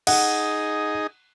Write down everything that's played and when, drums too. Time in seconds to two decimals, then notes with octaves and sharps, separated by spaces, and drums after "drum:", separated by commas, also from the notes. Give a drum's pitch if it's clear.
0.07 D#4 G#4 D#5 F#5, drum: cymbal